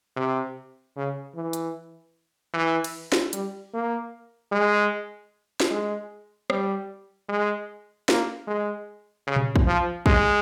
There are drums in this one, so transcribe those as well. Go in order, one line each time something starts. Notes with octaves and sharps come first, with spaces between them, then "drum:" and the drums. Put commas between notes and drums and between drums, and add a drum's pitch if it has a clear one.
C3
C#3
E3
drum: hi-hat
E3
drum: cymbal
drum: snare
G3, drum: hi-hat
A#3
G#3
drum: snare
G#3
G3, drum: rim click
G#3
A#3, drum: snare
G#3
C#3
drum: tom A#2
drum: kick
F3
G#3, drum: kick